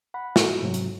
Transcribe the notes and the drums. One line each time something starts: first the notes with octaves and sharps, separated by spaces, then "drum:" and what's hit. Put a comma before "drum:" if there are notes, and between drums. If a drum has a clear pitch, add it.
F#5 B5
F#4, drum: snare
G#2 C3 F#3
drum: hi-hat